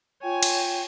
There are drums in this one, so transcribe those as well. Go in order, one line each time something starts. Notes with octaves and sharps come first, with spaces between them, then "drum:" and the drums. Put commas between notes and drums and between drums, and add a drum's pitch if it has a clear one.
F4 C#5 G5 G#5
drum: cymbal